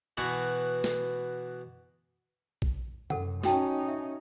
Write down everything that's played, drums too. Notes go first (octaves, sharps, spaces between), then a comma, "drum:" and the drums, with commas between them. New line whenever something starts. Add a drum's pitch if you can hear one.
B2 E3 F#4
drum: snare
drum: kick A#1
F#2 A4 F#5, drum: tom C3
C#4 D#4 F#4 G5 A5, drum: snare
E5